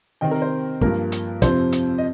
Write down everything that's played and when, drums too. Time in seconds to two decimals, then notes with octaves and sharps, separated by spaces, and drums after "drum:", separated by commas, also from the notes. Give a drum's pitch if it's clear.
0.21 C3 D#3 C4 D#5 G5
0.31 A#4
0.42 C5
0.81 G2 F3 A#3 A#4, drum: kick
1.12 drum: hi-hat
1.42 F2 C3 F3 C4 C5, drum: kick, hi-hat
1.73 drum: hi-hat
1.98 D#5